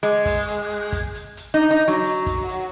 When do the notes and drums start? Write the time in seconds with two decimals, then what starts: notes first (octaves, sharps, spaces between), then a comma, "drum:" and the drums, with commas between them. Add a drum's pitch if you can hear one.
0.03 G#3, drum: hi-hat
0.26 drum: kick, open hi-hat
0.48 drum: hi-hat
0.70 drum: hi-hat
0.92 drum: kick, hi-hat
1.15 drum: hi-hat
1.37 drum: hi-hat
1.54 D#4
1.71 D#4
1.88 F#3
2.04 drum: hi-hat
2.26 drum: kick, hi-hat
2.49 drum: hi-hat